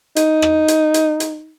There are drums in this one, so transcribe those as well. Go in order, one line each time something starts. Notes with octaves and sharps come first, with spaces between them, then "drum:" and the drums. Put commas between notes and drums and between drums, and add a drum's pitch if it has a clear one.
D#4, drum: hi-hat
drum: rim click
drum: hi-hat
drum: hi-hat
drum: hi-hat